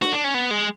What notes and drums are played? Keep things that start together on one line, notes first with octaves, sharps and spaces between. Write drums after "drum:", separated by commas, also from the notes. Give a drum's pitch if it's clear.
F#4, drum: snare D4
D4
C#4
B3
G#3